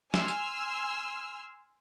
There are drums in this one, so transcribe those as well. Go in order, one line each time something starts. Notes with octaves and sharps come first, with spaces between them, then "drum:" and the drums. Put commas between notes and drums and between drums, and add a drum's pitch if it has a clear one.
G#5 C6 E6 F6, drum: snare
drum: tambourine